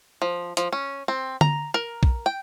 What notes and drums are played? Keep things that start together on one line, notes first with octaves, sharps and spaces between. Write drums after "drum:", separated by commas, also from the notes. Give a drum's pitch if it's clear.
F3
F3, drum: hi-hat
C#4
C4
A#5, drum: tom D3
A#4
drum: kick
G5